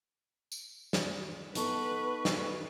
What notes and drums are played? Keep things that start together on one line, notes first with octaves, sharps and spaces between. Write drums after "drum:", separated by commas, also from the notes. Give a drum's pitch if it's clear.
drum: tambourine
drum: snare
B3 D#4 A4 B4 C#6, drum: hi-hat
drum: snare